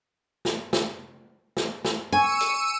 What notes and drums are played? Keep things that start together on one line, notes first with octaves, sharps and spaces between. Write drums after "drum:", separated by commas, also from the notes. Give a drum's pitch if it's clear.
drum: snare
drum: snare
drum: snare
drum: snare
G#5 C#6 E6 C#7 D#7
drum: hi-hat